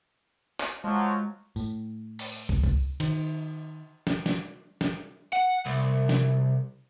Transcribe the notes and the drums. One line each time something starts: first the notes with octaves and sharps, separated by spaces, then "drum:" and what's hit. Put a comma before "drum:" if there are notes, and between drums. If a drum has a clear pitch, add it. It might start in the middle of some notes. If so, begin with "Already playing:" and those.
drum: clap
F3 F#3 G#3
A2, drum: tambourine
drum: open hi-hat
drum: kick
drum: kick
D#3, drum: cymbal
drum: snare
drum: snare
drum: snare
F#5
C2
drum: snare